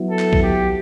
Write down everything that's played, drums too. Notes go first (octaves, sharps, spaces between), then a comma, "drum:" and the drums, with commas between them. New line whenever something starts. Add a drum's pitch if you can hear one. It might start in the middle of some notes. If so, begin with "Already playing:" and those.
Already playing: F#3 B3 E4
A4
drum: clap
drum: kick A#1
G4